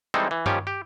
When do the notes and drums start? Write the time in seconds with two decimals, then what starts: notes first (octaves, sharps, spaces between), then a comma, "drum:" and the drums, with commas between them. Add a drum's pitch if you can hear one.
0.14 E3 G3 G#3 C4 D#4 A4
0.31 E3
0.46 D#3 F3 G3 C#4 G4, drum: tom G2
0.67 G4